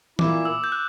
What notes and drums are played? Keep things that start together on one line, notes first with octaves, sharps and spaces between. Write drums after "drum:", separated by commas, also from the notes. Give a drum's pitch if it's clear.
A#2 A#3 E4 D6, drum: tom E3
E6
G6
F#6